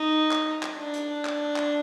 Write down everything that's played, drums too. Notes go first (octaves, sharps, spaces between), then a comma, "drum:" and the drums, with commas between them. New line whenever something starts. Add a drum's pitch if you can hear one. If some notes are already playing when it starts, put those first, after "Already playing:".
Already playing: D#4
drum: clap
drum: clap
D4
drum: hi-hat
drum: clap
drum: clap